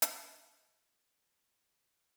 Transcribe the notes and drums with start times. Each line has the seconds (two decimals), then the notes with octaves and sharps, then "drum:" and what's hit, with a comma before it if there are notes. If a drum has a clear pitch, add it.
0.02 drum: hi-hat
0.20 B4 C#5
0.71 C5 D5